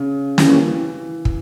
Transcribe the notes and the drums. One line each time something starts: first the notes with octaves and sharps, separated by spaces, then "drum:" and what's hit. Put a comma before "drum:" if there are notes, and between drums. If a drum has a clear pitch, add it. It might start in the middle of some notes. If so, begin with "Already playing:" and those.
Already playing: C#3
E3 G3 A#3 C#4 G4, drum: snare
E3
E3
drum: kick